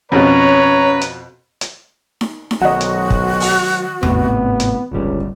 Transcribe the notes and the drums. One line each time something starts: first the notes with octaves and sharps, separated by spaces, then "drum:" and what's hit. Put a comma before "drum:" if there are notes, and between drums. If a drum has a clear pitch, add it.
F2 B2 C#4 B4 C#5 A#5
drum: hi-hat
drum: hi-hat
drum: snare D#4
drum: snare D#4
B1 D#3 F#3 F#4 D#5 F#5
drum: hi-hat
drum: kick
drum: open hi-hat
G#1 A2 C3 B3, drum: tom E2
drum: hi-hat
D1 G1 C#2 G3